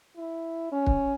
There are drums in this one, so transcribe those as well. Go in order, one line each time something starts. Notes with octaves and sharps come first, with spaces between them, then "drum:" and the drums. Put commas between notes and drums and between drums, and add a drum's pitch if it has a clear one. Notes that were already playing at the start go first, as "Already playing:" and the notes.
E4
C#4
drum: kick